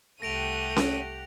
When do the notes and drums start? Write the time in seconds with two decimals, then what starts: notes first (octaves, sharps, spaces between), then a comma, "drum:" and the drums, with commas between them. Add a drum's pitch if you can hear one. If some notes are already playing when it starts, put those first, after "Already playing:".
0.22 C2 A3 G4 F#5 A#6 D7 D#7 F7
0.76 drum: snare C#4